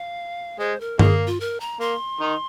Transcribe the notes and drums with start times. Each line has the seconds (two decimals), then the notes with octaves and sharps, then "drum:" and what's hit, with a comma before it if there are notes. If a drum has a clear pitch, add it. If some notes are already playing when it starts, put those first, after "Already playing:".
Already playing: F5
0.59 G#3 C5
0.80 A#4
0.99 D#3 A#3 G#4, drum: tom G2
1.27 F4
1.40 A#4
1.60 A#5
1.80 A#3 C6
2.21 D#3 D#4